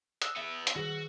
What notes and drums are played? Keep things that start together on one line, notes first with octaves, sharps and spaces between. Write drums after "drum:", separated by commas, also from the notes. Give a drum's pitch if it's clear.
D#6 E6 F#6, drum: hi-hat
B3 E5
drum: hi-hat
D#3 F#4 G#4